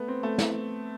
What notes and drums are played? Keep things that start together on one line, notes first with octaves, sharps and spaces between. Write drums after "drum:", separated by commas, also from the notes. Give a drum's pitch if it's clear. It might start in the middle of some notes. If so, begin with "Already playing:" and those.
Already playing: A3 B3
C4
A3
drum: snare